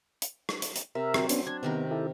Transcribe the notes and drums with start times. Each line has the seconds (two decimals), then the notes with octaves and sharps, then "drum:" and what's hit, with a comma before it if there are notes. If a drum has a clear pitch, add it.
0.22 drum: hi-hat
0.49 drum: rim click
0.62 drum: hi-hat
0.76 drum: hi-hat
0.95 C3 A#4 E5
1.14 F#3 C4, drum: rim click
1.29 B3 C#4 D4, drum: hi-hat
1.47 D4 G#6
1.63 C3 D#3 B3 A#4
1.91 E4 G4 A4